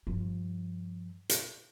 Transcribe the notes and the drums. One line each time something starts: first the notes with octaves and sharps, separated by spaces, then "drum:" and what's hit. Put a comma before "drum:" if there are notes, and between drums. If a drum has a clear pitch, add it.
G2 F3
drum: hi-hat